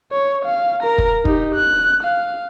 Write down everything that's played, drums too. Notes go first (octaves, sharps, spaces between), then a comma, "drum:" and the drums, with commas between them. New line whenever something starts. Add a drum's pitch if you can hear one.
C#5
F5
A#4 A#5
drum: kick
D#4 G4, drum: kick
F#6
F5